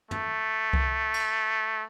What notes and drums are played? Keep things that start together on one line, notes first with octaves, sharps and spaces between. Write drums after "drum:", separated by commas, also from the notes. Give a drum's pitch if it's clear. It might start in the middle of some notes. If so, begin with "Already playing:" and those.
A3, drum: tom
drum: kick C2
drum: cymbal